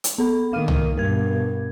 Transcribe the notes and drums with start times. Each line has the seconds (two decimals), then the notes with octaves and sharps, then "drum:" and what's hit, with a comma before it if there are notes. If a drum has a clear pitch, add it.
0.04 drum: hi-hat
0.18 B3 A4 B5
0.53 D#3 A#3 F5 F6 D#7
0.68 drum: tom C2
0.97 G2 B2 A#4 G#6